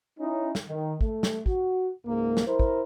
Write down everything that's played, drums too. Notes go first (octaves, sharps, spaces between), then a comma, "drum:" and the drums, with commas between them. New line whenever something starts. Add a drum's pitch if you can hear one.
C#4 D#4 E4
drum: snare
D#3
A3, drum: kick
drum: snare
F#4, drum: kick
C#2 G#2 A#3
drum: snare
E4 A#4 C5
drum: kick